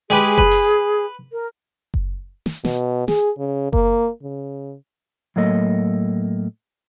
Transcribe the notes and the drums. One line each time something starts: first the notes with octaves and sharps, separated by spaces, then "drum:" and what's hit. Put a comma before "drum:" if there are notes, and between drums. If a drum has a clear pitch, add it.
G#3 G4 G#4 B4
B4, drum: kick F#1
drum: open hi-hat
A#4
drum: kick F#1
drum: snare
B2, drum: snare
G#4, drum: snare
C#3
A#3, drum: kick F#1
C#3
A2 F#3 A#3 A4 D#5